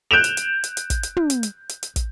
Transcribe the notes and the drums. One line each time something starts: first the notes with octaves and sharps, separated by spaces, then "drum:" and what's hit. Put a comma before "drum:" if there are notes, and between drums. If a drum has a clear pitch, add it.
F#6 G6 D7 E7 F7
drum: hi-hat
drum: hi-hat
drum: hi-hat
drum: hi-hat
drum: kick, hi-hat
drum: hi-hat
drum: tom
drum: hi-hat
drum: hi-hat
drum: hi-hat
drum: hi-hat
drum: kick, hi-hat